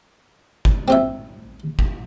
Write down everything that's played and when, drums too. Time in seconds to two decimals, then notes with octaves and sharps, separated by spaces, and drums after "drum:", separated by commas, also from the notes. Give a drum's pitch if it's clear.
0.65 drum: kick
0.88 C4 F4 E5
1.79 drum: kick